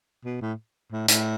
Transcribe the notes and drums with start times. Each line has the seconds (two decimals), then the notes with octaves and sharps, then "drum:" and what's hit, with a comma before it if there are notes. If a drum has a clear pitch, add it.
0.25 B2
0.41 A2
0.92 A2
1.08 A2, drum: hi-hat